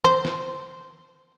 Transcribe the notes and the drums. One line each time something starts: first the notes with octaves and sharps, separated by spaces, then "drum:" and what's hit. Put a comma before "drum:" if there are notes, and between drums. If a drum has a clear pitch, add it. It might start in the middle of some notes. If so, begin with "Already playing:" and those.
C5, drum: tom
drum: snare